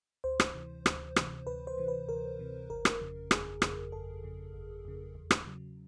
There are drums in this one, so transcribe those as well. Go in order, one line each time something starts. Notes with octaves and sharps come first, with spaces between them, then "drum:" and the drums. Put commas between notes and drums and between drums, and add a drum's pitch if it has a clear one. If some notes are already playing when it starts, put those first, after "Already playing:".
D2 C5
drum: rim click
C3 E3
D2, drum: rim click
C3 E3, drum: rim click
D2 B4
C5
C3 E3
B4
D2 A#4
C3 E3
G1 A#4
drum: rim click
F2 C#3
G1 G#4, drum: rim click
F2 C#3, drum: rim click
G1 A4
F2 C#3
G1
F2 C#3
E2
drum: rim click
C#3 F#3